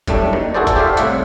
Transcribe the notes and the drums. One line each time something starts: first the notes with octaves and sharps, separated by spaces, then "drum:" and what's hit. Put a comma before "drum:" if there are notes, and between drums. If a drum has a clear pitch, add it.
F#2 A2 G3 A3 D4, drum: kick, hi-hat
D#2 D#3
E4 F#4 G#4 A4 C5 D5
drum: kick, hi-hat
G4 A4 C5 D5 E5 F5
C2 A2 E5 F#5, drum: hi-hat